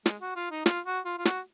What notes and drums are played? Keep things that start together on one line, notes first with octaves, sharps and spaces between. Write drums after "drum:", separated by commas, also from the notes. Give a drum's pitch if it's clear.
G#3, drum: snare
F#4
F4
D#4
F4, drum: snare
F#4
F4
F4
F#4, drum: snare